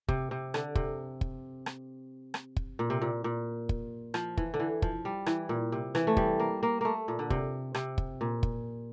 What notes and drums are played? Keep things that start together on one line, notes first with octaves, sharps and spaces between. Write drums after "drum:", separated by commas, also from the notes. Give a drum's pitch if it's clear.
C3, drum: kick
C3
D3, drum: rim click
C3, drum: kick
drum: kick
drum: rim click
drum: rim click
drum: kick
A#2
C3
A#2
A#2
drum: kick
F3, drum: rim click
E3, drum: kick
D3
E3
F3, drum: kick
G3
E3, drum: rim click
A#2
C3
E3, drum: rim click
A3
G3, drum: kick
A#3
A#3
A3 A#3
A#2
D3
C3, drum: kick
C3, drum: rim click
drum: kick
A#2
drum: kick